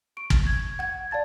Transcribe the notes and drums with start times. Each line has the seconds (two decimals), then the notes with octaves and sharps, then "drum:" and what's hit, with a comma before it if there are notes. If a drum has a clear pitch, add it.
0.17 C#6 D7
0.30 drum: kick
0.47 G#6
0.79 F#5 G#6
1.11 D5 F5 A5 A6